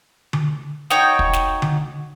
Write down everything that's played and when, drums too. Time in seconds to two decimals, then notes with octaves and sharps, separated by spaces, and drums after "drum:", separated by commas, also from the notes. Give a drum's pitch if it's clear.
0.33 drum: tom D3
0.90 D#4 F#4 C#5 G5, drum: snare
1.19 drum: kick
1.33 drum: snare
1.62 drum: tom D3